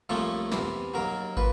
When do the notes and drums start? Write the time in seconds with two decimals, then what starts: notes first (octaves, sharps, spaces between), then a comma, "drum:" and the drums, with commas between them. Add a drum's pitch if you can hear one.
0.09 C2 A#2 F3 A3 C#4 A4
0.52 E2 C3 E3, drum: snare
0.94 D#2 C#3 F#3 A#4
1.37 A#2 B4, drum: kick